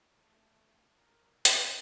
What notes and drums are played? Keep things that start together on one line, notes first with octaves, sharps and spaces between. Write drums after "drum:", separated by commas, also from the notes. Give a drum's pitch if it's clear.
A3
A#4
G4, drum: hi-hat